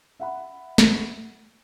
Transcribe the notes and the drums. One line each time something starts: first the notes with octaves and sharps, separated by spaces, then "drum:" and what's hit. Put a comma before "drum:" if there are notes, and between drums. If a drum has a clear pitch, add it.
E5 F#5 B5
drum: snare